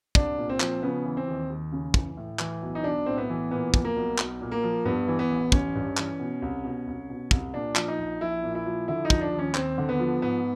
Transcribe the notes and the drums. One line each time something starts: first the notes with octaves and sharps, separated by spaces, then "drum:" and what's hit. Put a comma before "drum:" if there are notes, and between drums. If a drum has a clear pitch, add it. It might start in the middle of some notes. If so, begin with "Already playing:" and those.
C2 D4, drum: kick
A#2
C4
F3, drum: clap
C#3 B3
E3
C4
D#2
D#2
C#3
E3, drum: kick
A2
E3, drum: clap
B1
D#4
B1 D4
A2 C4
B3
E3
A#2 B3
F3, drum: kick
A#3
B1
B1, drum: clap
A#2
A#3
F3
G2 B3
E3
B3
A1
A1 C#4, drum: kick
G2
E3, drum: clap
B2
C2
B2
C2
B2
C2, drum: kick
A#2 D4
F3, drum: clap
D#4
A#1
A#1 E4
A#2
E4
F3
D3 E4
D#4
F3, drum: kick
D4
D#2
C#4
D#2 C4, drum: clap
D3
B3
F3
G#2 B3